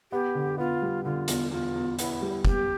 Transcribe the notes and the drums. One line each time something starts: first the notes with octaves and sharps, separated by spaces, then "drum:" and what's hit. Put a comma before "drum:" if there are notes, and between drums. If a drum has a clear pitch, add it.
B3 G4
D3
B3 F4
G3
D3 F4
E2, drum: hi-hat
E2 F4
E2
B3 E4, drum: hi-hat
G3
E2 G4, drum: kick